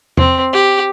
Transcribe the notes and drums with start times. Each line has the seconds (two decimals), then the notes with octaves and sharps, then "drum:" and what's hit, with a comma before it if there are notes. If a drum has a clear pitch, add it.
0.17 C4, drum: tom E2
0.53 G4